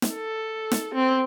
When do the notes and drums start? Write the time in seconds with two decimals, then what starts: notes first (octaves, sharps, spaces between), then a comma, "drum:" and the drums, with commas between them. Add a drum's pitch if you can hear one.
0.02 drum: snare
0.14 A4
0.72 drum: snare
0.95 C4